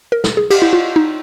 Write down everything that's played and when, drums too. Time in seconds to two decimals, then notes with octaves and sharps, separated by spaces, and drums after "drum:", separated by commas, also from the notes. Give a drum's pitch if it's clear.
0.12 A#4
0.24 A4, drum: snare
0.37 G#4
0.50 G4, drum: cymbal
0.62 E4
0.73 F4
0.96 D#4